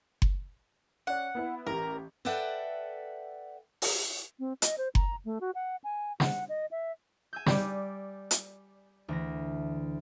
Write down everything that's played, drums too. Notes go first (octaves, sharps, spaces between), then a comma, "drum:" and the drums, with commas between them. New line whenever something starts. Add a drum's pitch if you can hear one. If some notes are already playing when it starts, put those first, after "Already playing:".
drum: kick F#1
C#4 D5 F#5
B3 E4 B4
A1 G4 A#4
A4 B4 D5 E5 F#5 G5
drum: open hi-hat
C4
D#5, drum: hi-hat
C5
A#5, drum: kick F#1
A3
F#4
F#5
G#5
F#5, drum: snare
D#5
E5
G#5 E6 G6
G3 D5, drum: snare
drum: hi-hat
D2 E3 A#6